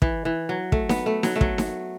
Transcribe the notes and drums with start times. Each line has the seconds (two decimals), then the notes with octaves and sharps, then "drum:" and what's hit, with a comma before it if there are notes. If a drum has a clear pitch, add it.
0.02 E3, drum: kick
0.25 E3
0.49 F#3
0.72 A3, drum: kick
0.89 B3, drum: snare D#4
1.06 A3
1.23 F#3, drum: snare D#4
1.36 A3
1.41 F#3, drum: kick
1.58 drum: snare D#4